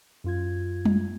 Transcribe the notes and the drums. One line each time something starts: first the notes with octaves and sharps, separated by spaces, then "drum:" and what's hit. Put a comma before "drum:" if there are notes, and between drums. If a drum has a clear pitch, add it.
F#2 F4 G#6
drum: tom G3